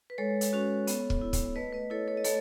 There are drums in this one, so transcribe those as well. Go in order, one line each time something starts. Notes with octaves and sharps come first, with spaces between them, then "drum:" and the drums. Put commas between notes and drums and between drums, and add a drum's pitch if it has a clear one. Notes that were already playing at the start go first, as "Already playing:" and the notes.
B4
G#3 A4 C#5
drum: hi-hat
C#4 F#4
B3, drum: hi-hat
drum: kick
E4
drum: kick, hi-hat
A3 B4 D#5
B4 D#5
E4 A4 C#5
A4 C#5
D#5
A3 A4 C#5, drum: hi-hat